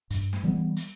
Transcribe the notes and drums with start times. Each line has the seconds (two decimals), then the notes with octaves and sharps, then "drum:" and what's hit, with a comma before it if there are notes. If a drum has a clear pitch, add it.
0.10 G2, drum: hi-hat
0.33 drum: snare
0.43 E3 G3 B3
0.76 drum: hi-hat